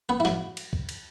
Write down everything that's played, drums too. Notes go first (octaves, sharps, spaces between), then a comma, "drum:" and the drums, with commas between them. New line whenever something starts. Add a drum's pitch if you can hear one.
B3 B4
E4
F#3 F#4, drum: snare
drum: cymbal
drum: kick
drum: cymbal